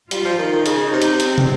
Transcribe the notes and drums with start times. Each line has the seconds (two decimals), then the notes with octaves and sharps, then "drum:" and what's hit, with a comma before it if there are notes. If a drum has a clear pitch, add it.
0.11 G3 F4, drum: hi-hat
0.25 F3
0.38 D#3
0.52 D#3
0.66 C#3 D#4, drum: hi-hat
0.92 C3
1.02 drum: hi-hat
1.20 C4, drum: hi-hat
1.38 drum: tom